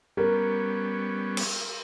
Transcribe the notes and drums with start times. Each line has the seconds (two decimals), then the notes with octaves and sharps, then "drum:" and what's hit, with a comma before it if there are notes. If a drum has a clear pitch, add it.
0.17 G3 B3 C#4 A#4
1.37 drum: cymbal